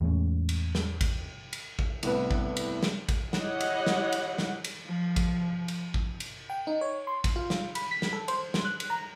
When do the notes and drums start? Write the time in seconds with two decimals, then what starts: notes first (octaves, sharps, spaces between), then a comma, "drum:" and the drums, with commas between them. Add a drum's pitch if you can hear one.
0.01 E2 A2 G#3 C#4
0.49 drum: cymbal
0.75 drum: snare
1.01 drum: kick, cymbal
1.53 drum: cymbal
1.79 drum: kick
2.03 C2 A2 B3 D4 B4, drum: cymbal
2.31 drum: kick
2.57 drum: cymbal
2.83 drum: snare
3.09 drum: kick, cymbal
3.33 E4 G4 C#5 D#5 F#5, drum: snare
3.60 drum: cymbal
3.86 drum: snare
4.12 drum: cymbal
4.38 drum: snare
4.64 drum: cymbal
4.85 F3
5.16 drum: kick, cymbal
5.68 drum: cymbal
5.94 drum: kick
6.20 drum: cymbal
6.50 G5
6.67 D#4
6.81 C#5
7.07 C6
7.24 drum: kick, cymbal
7.36 F4
7.50 drum: snare
7.75 B5, drum: cymbal
7.91 B6
8.02 drum: snare
8.13 A4
8.28 C5, drum: cymbal
8.54 drum: snare
8.65 F#6
8.80 drum: cymbal
8.90 A#5